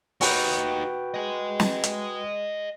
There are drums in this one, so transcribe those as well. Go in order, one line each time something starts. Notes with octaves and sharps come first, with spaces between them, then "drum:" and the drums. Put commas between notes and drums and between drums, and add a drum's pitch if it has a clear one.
D#4 F#4 G4 B4 G5, drum: open hi-hat
D#5 G#5
drum: snare
drum: hi-hat